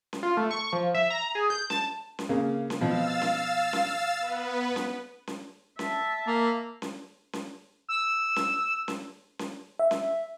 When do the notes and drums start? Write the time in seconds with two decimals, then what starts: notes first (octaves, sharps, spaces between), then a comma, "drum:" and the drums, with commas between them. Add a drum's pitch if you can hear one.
0.13 drum: snare C#4
0.23 F4
0.37 A3
0.51 C#6
0.73 F3
0.94 E5
1.10 A#5
1.35 G#4
1.50 G6
1.70 A5, drum: snare C#4
2.19 drum: snare C#4
2.29 C#3 A#3
2.70 drum: snare C#4
2.81 B2 F3 F5 E6 A6
3.22 drum: snare C#4
3.73 drum: snare C#4
4.19 B3 B4
4.76 drum: snare C#4
5.27 drum: snare C#4
5.79 E5 A5, drum: snare C#4
6.27 A#3
6.82 drum: snare C#4
7.33 drum: snare C#4
7.89 E6
8.36 drum: snare C#4
8.88 drum: snare C#4
9.39 drum: snare C#4
9.79 E5
9.91 drum: snare C#4